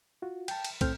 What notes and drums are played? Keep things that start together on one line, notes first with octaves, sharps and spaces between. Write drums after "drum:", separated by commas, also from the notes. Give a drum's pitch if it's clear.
F4 F#4
G5 A5, drum: cymbal
drum: cymbal
D#2 A2 C4 A4 F6 G6, drum: kick, cymbal